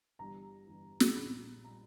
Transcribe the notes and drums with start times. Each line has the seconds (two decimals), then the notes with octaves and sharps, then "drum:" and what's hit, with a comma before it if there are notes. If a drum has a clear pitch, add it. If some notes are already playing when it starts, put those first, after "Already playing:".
0.19 G1 G2 E3 G3 A#5
0.67 G1 G2 E3 G3
1.00 drum: snare
1.16 A#1 A#2 G3 B5
1.64 A#2 G3 A#5